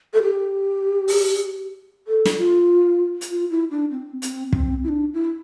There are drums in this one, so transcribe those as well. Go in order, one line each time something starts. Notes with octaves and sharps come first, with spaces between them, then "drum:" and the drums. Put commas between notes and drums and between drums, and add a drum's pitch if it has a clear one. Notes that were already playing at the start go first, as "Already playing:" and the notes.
A4
G4
drum: open hi-hat
A4
drum: snare
F4
drum: hi-hat
F4
E4
D4
C4
C4, drum: hi-hat
C4, drum: kick
E4
D4
E4